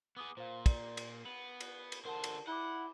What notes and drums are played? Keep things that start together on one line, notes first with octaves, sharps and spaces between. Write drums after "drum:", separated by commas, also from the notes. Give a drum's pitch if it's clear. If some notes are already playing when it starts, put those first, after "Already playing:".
B3 G#4 D6 D#6
A#2 C5 F5
D5, drum: kick, cymbal
drum: cymbal
B3 F#7
drum: cymbal
drum: cymbal
D3 A#4 C5 F#5 A5
drum: cymbal
E4 F#5 D6 G7